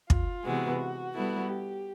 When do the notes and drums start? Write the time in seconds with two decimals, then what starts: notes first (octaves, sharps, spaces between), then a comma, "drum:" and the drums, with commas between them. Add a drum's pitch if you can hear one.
0.10 F4, drum: kick
0.45 C3 E3 G#3 B3 F#4
1.14 G3 B3 E4 A4
1.49 G4